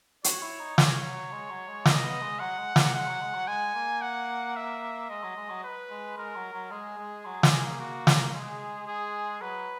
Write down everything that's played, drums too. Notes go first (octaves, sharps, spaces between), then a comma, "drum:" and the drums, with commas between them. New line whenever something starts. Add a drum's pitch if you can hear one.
F#4 C#5, drum: hi-hat
E4
D#4
C#5, drum: snare
F#3
G#3
F#3
G#3
A#3 D#5, drum: snare
A#3
B3
G#3
F#3 F#5
G#3
A#3, drum: snare
G#3 F#5
F#3
G#3
F#3
G#3 G#5
A#3
F#5
E5
G#3 D#5
F#3
G#3
F#3
B4
G#3
G#3 A#4
F#3
F#3
G#3 G#4
G#3
F#3
G#3, drum: snare
A#3
F#4
drum: snare
G#3 G#4
G#4
F#3 B4